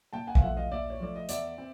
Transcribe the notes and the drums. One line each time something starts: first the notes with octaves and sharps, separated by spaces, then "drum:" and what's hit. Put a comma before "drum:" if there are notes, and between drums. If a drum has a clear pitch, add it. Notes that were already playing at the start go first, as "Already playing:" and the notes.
A#2 G5 A5
F#5 G#5
F5, drum: kick
F3 A3 E5 F#5
D#5 F5
A#2 D5 E5
C#5
F3 A3 D5
D#5
E2 D5 E5, drum: hi-hat
C4